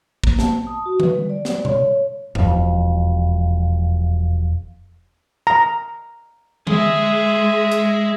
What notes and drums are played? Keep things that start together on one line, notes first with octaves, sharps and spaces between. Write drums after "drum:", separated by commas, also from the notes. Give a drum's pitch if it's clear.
A#3, drum: kick
A5, drum: snare
D#6
F#4
B4, drum: tom D3
G3
D5
D5, drum: snare
C#5, drum: tom B2
E1 F2, drum: tom F#2
A#5
G#3 G#4 E5, drum: tom D3
drum: hi-hat